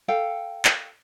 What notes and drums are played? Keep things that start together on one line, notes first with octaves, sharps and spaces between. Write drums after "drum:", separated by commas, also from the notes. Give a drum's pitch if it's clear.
A4 F5 G5
drum: clap